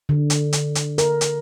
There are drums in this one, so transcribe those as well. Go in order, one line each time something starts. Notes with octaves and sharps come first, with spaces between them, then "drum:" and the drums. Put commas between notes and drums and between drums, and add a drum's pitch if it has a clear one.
D3
drum: hi-hat
drum: hi-hat
drum: hi-hat
A#4, drum: hi-hat
drum: hi-hat